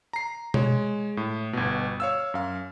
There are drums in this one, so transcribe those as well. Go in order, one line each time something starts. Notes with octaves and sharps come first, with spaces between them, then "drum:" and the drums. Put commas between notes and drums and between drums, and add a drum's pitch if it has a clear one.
A#5 C7
G#3 C#5, drum: tom B2
A2
G1 B2
C#5 F5 E6
F#2 F5